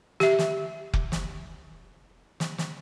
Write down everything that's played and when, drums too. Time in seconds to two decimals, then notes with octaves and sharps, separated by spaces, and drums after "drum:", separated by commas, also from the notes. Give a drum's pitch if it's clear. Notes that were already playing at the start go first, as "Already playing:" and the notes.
0.20 G4 E5, drum: snare
0.39 drum: snare
0.94 drum: kick F1
1.12 drum: snare
2.40 drum: snare
2.58 drum: snare